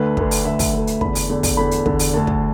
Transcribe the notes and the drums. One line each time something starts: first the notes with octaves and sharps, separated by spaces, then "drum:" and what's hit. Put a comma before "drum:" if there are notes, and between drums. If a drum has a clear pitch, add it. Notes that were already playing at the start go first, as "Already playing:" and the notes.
Already playing: D2 D3 B4
D2 D3, drum: kick
drum: open hi-hat
D2 D3 E5
drum: kick, open hi-hat
D2 D3
drum: hi-hat
E2 D3 B5, drum: kick
drum: open hi-hat
E2 D3
drum: kick, open hi-hat
E2 D3 B5
drum: hi-hat
E2 D3, drum: kick
drum: open hi-hat
D2 D3 A5
drum: kick